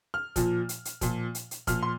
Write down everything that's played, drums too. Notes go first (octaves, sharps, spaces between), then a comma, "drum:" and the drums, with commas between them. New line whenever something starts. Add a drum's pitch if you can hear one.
F6
A#2 F3, drum: kick, hi-hat
drum: hi-hat
drum: hi-hat
A#2 F3, drum: kick, hi-hat
drum: hi-hat
drum: hi-hat
A#2 F3 F6, drum: kick, hi-hat
C6